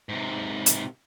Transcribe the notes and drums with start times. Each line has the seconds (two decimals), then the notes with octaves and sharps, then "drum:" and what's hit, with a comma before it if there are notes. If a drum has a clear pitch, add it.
0.09 G#2 C3
0.66 drum: hi-hat